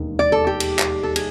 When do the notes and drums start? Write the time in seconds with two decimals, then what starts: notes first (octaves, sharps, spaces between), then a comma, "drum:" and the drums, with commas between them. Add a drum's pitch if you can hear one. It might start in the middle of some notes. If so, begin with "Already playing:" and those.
Already playing: E1 D#2 D#3 G#3
0.19 D5
0.32 A4
0.47 G4
0.60 drum: cymbal
0.79 drum: clap
1.03 A4
1.16 G#4, drum: cymbal